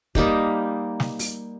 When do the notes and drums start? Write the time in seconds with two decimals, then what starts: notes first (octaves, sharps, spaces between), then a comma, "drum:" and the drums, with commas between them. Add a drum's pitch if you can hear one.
0.15 G3 A#3 D#4 G4, drum: kick
1.00 drum: snare
1.19 drum: open hi-hat